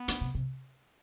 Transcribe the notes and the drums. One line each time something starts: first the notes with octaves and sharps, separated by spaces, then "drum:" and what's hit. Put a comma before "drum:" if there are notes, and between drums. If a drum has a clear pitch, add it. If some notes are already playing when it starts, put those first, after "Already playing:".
Already playing: B3
E3, drum: hi-hat
C3
C3